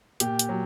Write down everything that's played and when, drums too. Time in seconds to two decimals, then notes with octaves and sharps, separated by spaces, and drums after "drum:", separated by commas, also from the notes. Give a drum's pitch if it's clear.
0.20 A#2 G4, drum: hi-hat
0.39 drum: hi-hat
0.49 F#3